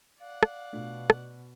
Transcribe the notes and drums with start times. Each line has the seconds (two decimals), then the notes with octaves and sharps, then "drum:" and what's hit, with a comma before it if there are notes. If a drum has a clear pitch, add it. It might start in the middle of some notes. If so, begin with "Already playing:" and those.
0.20 D5 F5 F#5
0.43 drum: rim click
0.73 B2 A3 D4 F4
1.10 drum: rim click